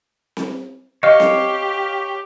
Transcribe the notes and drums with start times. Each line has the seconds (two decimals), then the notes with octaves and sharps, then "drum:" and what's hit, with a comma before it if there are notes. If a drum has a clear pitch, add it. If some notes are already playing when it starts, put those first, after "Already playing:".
0.37 drum: snare C4
1.03 G4 C#5 D#5 F5
1.20 drum: snare C4